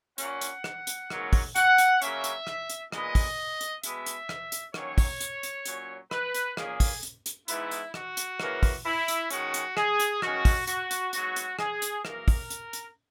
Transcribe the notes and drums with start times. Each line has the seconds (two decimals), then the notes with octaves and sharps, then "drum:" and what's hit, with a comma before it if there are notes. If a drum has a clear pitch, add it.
0.18 A#2 A#3 C#4 F#5, drum: hi-hat
0.41 drum: hi-hat
0.64 drum: rim click
0.87 drum: hi-hat
1.10 G#2 F#3 A#3 C#4, drum: rim click
1.33 drum: kick, open hi-hat
1.56 F#5, drum: hi-hat
1.78 drum: hi-hat
2.02 C#3 F#3 A#3 C#4 E5, drum: hi-hat
2.24 drum: hi-hat
2.47 drum: rim click
2.70 drum: hi-hat
2.92 A#2 G#3 B3 D#5, drum: rim click
3.15 drum: kick, open hi-hat
3.61 drum: hi-hat
3.83 B2 G#3 B3 E5, drum: hi-hat
4.06 drum: hi-hat
4.29 drum: rim click
4.52 drum: hi-hat
4.74 D#3 F#3 A#3 C#4 C#5, drum: rim click
4.98 drum: kick, open hi-hat
5.20 drum: hi-hat
5.43 drum: hi-hat
5.65 A#2 F#3 C#4, drum: hi-hat
6.11 B4, drum: rim click
6.35 drum: hi-hat
6.57 A#2 A#3 C#4 G#4, drum: rim click
6.80 drum: kick, open hi-hat
7.03 drum: hi-hat
7.26 drum: hi-hat
7.48 G#2 E3 B3 E4, drum: hi-hat
7.71 drum: hi-hat
7.94 F#4, drum: rim click
8.17 drum: hi-hat
8.40 C#3 E3 A#3 C#4, drum: rim click
8.63 drum: kick, open hi-hat
8.85 E4
9.08 drum: hi-hat
9.30 D#3 G#3 C#4 F#4, drum: hi-hat
9.54 drum: hi-hat
9.77 G#4, drum: rim click
10.00 drum: hi-hat
10.22 F#2 D#3 G#3 C#4 F#4, drum: rim click
10.45 drum: kick, open hi-hat
10.67 F#4, drum: hi-hat
10.91 drum: hi-hat
11.13 G#2 F#3 B3 F#4, drum: hi-hat
11.36 drum: hi-hat
11.59 G#4, drum: rim click
11.82 drum: hi-hat
12.05 F#2 C#3 E3 A#3 A#4, drum: rim click
12.28 drum: kick, open hi-hat
12.50 drum: hi-hat
12.73 drum: hi-hat